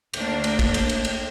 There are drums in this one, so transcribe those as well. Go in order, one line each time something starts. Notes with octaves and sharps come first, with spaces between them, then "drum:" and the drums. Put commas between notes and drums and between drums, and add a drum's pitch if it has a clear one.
D2 A3 A#3 D4, drum: cymbal
drum: cymbal
drum: kick, cymbal
drum: cymbal
drum: cymbal
drum: cymbal